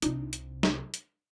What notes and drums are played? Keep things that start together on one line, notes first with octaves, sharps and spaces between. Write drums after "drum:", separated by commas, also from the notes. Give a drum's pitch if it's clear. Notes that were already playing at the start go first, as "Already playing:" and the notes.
C2 C3 F3 D4 D#4, drum: hi-hat
drum: hi-hat
drum: snare
drum: hi-hat